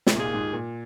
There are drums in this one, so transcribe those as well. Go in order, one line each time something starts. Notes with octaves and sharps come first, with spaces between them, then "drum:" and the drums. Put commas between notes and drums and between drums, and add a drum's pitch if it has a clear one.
C3, drum: snare
D#2 A#2 D#3 A#3 F4 G#4
G#2
A#2